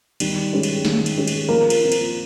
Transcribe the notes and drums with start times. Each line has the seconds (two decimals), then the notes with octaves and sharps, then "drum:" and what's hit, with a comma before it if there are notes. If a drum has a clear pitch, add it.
0.20 D#3 G3, drum: cymbal
0.52 G#3 C#4 G4
0.63 drum: cymbal
0.85 D#3, drum: snare
1.06 drum: cymbal
1.17 G#3 C#4 G4
1.28 drum: cymbal
1.49 F3 A#3
1.70 drum: cymbal
1.81 C4 F4
1.92 drum: cymbal